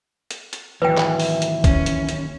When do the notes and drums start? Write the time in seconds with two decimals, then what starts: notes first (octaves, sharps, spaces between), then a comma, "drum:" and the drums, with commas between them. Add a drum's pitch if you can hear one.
0.31 drum: hi-hat
0.53 drum: hi-hat
0.82 D#2 E3 F#3 B4 G5
0.97 drum: clap
1.20 drum: open hi-hat
1.42 drum: hi-hat
1.64 C#4, drum: kick, hi-hat
1.86 drum: hi-hat
2.09 drum: hi-hat